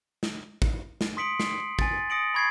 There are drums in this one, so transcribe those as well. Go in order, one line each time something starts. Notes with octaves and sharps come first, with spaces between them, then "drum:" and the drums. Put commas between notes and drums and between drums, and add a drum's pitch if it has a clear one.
drum: snare
drum: kick
drum: snare
C6 D#6 B6 C#7 D7 F#7
C7, drum: snare
G#5 A6, drum: kick
D#6 A#6 C#7 D7 F#7
B5 C#6 G#6 A6 C7